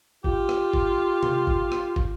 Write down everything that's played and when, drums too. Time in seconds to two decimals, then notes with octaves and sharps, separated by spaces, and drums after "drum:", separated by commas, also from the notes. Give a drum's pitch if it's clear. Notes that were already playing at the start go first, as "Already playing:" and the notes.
0.24 F4 G4, drum: kick
0.49 drum: rim click
0.73 drum: kick
1.23 drum: tom C3
1.47 drum: kick
1.72 drum: rim click
1.96 drum: kick